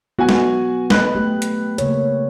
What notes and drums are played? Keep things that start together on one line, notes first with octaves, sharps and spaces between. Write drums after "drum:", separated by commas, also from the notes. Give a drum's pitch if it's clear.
F#3 B3 F#4 F#5 G#5
drum: snare
B4 D#5 B5 F#6, drum: snare
A3 G4
drum: hi-hat
C#3 A#3 C#5, drum: hi-hat